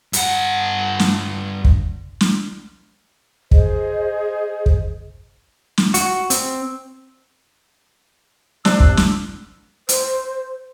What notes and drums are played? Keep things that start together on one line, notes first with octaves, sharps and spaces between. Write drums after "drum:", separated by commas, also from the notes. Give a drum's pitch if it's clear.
G2 F#5, drum: hi-hat
drum: snare
drum: kick
drum: snare
G#4 C5 D#5, drum: kick
drum: kick
drum: snare
F#4, drum: hi-hat
C4, drum: hi-hat
C3 D4 E6, drum: snare
drum: kick
drum: snare
C5, drum: hi-hat